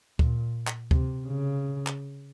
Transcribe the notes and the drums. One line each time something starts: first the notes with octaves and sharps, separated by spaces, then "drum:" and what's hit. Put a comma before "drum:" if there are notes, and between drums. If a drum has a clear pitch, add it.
A#2, drum: kick D2
drum: clap
C3, drum: kick D2
C#3
drum: clap